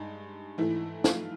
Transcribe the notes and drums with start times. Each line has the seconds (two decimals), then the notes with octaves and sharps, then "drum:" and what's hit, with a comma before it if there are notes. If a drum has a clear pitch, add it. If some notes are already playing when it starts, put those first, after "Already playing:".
Already playing: G2 G#3 D#4
0.58 G#2 E3 A3 E4
1.04 F4, drum: snare